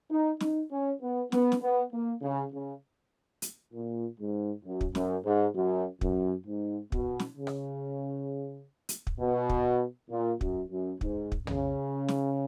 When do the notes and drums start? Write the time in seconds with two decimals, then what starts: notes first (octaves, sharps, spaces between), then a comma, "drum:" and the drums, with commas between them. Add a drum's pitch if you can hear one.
0.11 D#4
0.40 D#4, drum: snare
0.71 C#4
1.01 B3
1.32 B3, drum: snare
1.52 drum: snare
1.62 B3
1.92 A#3
2.22 C#3
2.53 C#3
3.42 drum: hi-hat
3.74 A#2
4.19 G#2
4.65 F#2
4.81 drum: kick
4.95 F#2, drum: snare
5.25 G#2
5.55 F#2
6.01 F#2, drum: kick
6.46 G#2
6.92 B2, drum: kick
7.20 drum: snare
7.37 C#3
7.47 drum: rim click
8.89 drum: hi-hat
9.07 drum: kick
9.19 B2
9.49 drum: kick
10.11 A#2
10.41 F#2, drum: kick
10.71 F#2
11.01 G#2, drum: kick
11.32 drum: kick
11.47 C#3, drum: tom
12.08 drum: snare